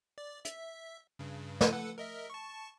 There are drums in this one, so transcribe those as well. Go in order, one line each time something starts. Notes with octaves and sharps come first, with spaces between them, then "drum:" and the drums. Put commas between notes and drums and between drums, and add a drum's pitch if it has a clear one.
D5
E5, drum: hi-hat
G2 C#3
drum: snare
A4 B4 F#5
A#4 D#5 E5
A5 C#6